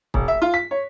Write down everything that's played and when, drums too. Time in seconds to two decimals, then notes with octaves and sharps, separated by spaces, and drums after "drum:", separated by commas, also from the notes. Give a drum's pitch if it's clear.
0.14 E1, drum: kick
0.28 E5
0.42 F4
0.54 B6
0.71 C#5